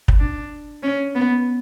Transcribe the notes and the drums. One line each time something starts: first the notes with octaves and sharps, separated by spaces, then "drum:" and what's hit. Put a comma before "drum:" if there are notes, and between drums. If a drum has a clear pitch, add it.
drum: kick
D4
C#4
B3